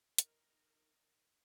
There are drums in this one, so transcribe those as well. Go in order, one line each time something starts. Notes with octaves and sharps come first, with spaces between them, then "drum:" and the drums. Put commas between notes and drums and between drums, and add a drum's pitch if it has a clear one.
D#4 A#4, drum: hi-hat